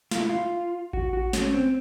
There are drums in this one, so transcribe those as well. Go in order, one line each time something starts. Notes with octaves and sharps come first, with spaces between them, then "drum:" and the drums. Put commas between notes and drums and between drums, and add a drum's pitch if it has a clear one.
F4, drum: snare
E4
F4
F#4, drum: kick A1
F#4
C#4, drum: snare
C4